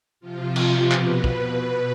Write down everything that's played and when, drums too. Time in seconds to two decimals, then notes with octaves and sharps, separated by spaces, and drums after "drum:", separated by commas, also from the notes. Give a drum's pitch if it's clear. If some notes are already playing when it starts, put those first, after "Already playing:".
0.20 C3 F3 F4
0.56 G4, drum: cymbal
0.92 B2 B4, drum: clap
1.24 drum: kick
1.64 B2